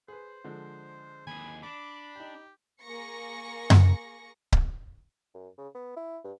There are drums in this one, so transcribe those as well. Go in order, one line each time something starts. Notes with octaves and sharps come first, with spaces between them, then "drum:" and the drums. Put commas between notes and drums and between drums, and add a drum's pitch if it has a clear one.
G#4 B4 C5
D3 F3 G#3
D#2 G#4 G#5 B5
D4 B5 D6
D#4 G4 G5
A#3 G#4 C#6 A#6 C#7
drum: tom F#2
drum: kick C#1
F#2
C#3
B3
E4
G2